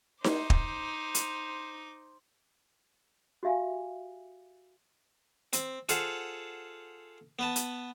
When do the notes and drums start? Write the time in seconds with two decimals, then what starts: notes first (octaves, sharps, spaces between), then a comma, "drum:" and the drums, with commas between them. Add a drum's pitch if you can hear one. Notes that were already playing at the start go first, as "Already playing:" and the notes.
0.24 D#4 C5 D6, drum: snare D#4
0.50 drum: kick
1.15 drum: hi-hat
3.43 F#4 G4 E5 F5 G#5
5.53 C4, drum: hi-hat
5.89 F4 G#4 A4 C5 F5 F#5, drum: hi-hat
7.39 B3 B4 A5
7.56 drum: hi-hat